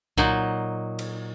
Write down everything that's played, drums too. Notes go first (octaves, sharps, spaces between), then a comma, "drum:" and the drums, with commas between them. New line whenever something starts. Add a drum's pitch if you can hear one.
A#2 F#3 D#4, drum: kick C2
drum: cymbal